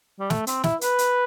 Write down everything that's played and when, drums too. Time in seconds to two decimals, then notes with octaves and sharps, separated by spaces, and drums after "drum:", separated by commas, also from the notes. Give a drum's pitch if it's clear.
0.19 G3
0.30 A3, drum: snare
0.47 C4, drum: hi-hat
0.64 E4, drum: snare
0.81 B4, drum: hi-hat
0.98 drum: hi-hat